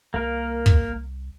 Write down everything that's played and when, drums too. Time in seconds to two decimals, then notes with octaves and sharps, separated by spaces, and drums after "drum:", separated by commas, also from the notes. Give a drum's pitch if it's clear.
0.14 C2 A#3 A#4
0.66 drum: kick